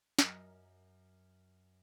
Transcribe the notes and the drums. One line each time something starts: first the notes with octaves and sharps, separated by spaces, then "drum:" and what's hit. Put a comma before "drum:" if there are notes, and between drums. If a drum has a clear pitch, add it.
F#2 A#4 D#5 A#5, drum: snare